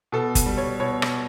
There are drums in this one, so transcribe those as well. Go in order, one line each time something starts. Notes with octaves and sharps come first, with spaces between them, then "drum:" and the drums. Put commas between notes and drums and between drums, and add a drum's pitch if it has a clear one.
B2 A4
drum: kick G1, hi-hat
G3
C#5
B2 C#5
drum: rim click